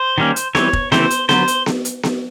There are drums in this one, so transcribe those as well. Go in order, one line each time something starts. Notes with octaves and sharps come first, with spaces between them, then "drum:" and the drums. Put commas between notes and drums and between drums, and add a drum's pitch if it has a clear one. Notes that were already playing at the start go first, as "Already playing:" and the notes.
Already playing: C5
D#3 G3 A#3 C#4
drum: hi-hat
E3 G3 C4 C#5, drum: snare B3
drum: kick
C#3 E3 A3 C4 C5, drum: snare B3
drum: hi-hat
D3 F#3 B3 C5, drum: snare B3
drum: hi-hat
drum: snare B3
drum: hi-hat
drum: snare B3